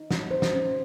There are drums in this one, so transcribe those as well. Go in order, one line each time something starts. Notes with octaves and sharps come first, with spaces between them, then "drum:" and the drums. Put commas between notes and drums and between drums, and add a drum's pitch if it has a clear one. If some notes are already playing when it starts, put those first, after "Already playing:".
Already playing: D#4
C4, drum: snare
C5
drum: snare
C#4